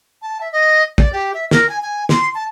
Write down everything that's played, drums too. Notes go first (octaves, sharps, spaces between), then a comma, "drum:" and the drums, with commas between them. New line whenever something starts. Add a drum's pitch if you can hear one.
A5
E5
D#5
D5, drum: kick
G4
E5
A#4, drum: snare
G#5
G#5
C6, drum: snare
A5